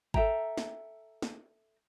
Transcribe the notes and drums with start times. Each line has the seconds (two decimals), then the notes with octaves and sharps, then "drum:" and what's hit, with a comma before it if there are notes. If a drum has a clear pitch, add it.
0.14 A4 E5 G5 A#5, drum: kick G#1
0.58 drum: snare
1.22 drum: snare